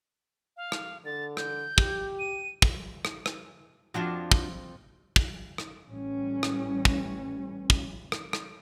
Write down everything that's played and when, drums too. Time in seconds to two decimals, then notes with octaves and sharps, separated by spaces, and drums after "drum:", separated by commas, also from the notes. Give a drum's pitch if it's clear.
0.57 F5
0.72 drum: rim click
1.05 D3 A6
1.37 G6, drum: rim click
1.78 G4, drum: kick
2.19 D#7
2.62 drum: kick
3.05 drum: rim click
3.26 drum: rim click
3.94 F2 D4 F4 F#4
4.31 drum: kick
5.16 drum: kick
5.58 drum: rim click
5.87 A1 E3 G3 C#4
6.43 drum: rim click
6.85 drum: kick
7.70 drum: kick
8.12 drum: rim click
8.33 drum: rim click